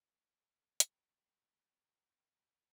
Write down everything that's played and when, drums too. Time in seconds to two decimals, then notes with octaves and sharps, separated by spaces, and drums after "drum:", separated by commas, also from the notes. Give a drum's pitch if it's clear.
0.80 G5 A#5 B5 C#6, drum: hi-hat